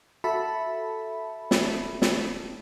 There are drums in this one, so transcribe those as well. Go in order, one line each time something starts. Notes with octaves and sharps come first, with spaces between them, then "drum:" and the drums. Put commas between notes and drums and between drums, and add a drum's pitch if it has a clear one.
F#4 A4 E5 A5 B5
drum: snare
drum: snare